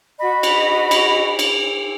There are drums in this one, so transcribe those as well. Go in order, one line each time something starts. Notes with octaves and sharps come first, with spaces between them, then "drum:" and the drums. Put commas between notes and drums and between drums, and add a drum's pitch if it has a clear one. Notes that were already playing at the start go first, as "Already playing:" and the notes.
F#4 D#5 B5
drum: cymbal
drum: cymbal
drum: cymbal